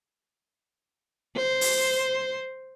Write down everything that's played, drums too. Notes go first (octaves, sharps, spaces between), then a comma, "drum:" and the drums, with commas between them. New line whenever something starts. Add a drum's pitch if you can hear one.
C5
drum: open hi-hat